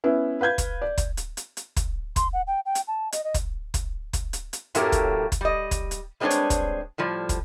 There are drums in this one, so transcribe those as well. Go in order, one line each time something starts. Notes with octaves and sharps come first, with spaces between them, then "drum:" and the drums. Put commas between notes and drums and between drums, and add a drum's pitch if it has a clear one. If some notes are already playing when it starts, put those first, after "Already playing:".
B3 C#4 E4
B4 F5 G6 G#6
drum: kick, hi-hat
D5
drum: kick, hi-hat
drum: hi-hat
drum: hi-hat
drum: hi-hat
drum: kick, hi-hat
C6, drum: kick, hi-hat
F#5
G5
G5
drum: hi-hat
A5
D#5, drum: hi-hat
D#5
drum: kick, hi-hat
drum: kick, hi-hat
drum: kick, hi-hat
drum: hi-hat
drum: hi-hat
F#2 A2 F#3 A3 A#3 G4, drum: hi-hat
drum: kick, hi-hat
drum: kick, hi-hat
G3 D#5
drum: kick, hi-hat
drum: hi-hat
G3 G#3 C4 D4 B4 C#5
drum: hi-hat
drum: kick, hi-hat
A2 F3 G3
drum: kick, hi-hat